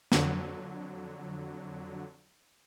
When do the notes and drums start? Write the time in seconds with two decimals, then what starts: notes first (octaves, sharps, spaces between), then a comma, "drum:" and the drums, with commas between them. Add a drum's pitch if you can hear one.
0.12 F2 D3 F#3, drum: snare